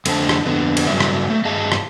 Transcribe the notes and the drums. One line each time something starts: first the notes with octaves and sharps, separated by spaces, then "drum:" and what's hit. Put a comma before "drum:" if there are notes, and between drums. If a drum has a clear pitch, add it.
F2 D3 A3 C5 A5, drum: cymbal
drum: rim click
F2 D3 B3
drum: cymbal
G2 C#3 F#3 G3 C#4 E5
drum: rim click
A3
G2 G#4 D#5 F5 A5
drum: rim click